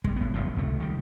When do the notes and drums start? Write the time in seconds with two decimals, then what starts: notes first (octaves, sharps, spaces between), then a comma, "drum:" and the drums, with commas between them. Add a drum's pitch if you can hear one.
0.04 G3 G#3, drum: kick
0.16 A2 B3
0.34 D#1 C2 F#2 F3
0.57 C#2 C3 A3
0.80 D#3 G3